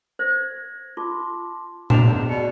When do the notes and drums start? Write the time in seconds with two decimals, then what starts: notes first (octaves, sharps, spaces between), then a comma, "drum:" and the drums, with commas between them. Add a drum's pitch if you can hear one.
0.19 C5 G#6 A#6
0.97 F4 A5 C6 D6
1.90 D4 E7 F7, drum: tom A#2
2.03 E2
2.29 B2 D5 C#7